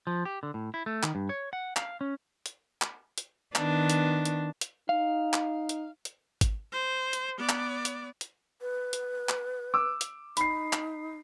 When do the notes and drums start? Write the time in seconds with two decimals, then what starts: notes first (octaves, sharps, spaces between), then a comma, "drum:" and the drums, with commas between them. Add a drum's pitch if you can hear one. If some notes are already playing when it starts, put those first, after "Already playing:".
0.07 F3
0.25 G4
0.43 D3
0.54 A2
0.74 E4
0.86 A3
1.03 D#3, drum: clap
1.15 G2
1.29 C#5
1.53 F#5
1.76 F5, drum: clap
2.01 C#4
2.46 drum: hi-hat
2.82 drum: clap
3.18 drum: hi-hat
3.55 D#3 B3 D4, drum: clap
3.90 drum: hi-hat
4.25 drum: hi-hat
4.61 drum: hi-hat
4.89 D#4 F5
5.33 drum: clap
5.69 drum: hi-hat
6.05 drum: hi-hat
6.41 drum: kick G#1, hi-hat
6.72 C5
7.13 drum: hi-hat
7.38 B3 D5
7.49 drum: clap
7.85 drum: hi-hat
8.21 drum: hi-hat
8.61 B4
8.93 drum: hi-hat
9.29 drum: clap
9.74 D6 E6
10.01 drum: hi-hat
10.37 D#4 B5 C7, drum: hi-hat
10.73 drum: clap